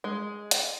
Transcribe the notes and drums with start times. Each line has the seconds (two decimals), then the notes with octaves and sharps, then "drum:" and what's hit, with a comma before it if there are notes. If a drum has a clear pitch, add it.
0.04 G#3
0.51 drum: hi-hat